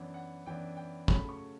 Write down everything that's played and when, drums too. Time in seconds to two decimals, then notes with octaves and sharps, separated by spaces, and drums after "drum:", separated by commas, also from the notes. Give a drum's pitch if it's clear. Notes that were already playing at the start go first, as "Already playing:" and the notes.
Already playing: F#2 E3 B3 D4
0.14 F#5
0.46 F#2 E3 B3 D4 G5
0.77 G5
1.08 C#3 F#3 A3 B5, drum: kick
1.29 C#6